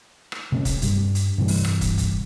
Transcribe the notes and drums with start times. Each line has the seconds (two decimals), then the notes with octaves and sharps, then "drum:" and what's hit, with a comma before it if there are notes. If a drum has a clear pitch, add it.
0.32 drum: rim click
0.52 C3 A3 C4 C#4
0.65 drum: kick, hi-hat
0.82 G2 G3, drum: hi-hat
1.15 drum: hi-hat
1.38 G2 C3 E3 G3
1.48 drum: open hi-hat
1.65 drum: rim click
1.81 drum: kick, hi-hat
1.98 drum: kick, hi-hat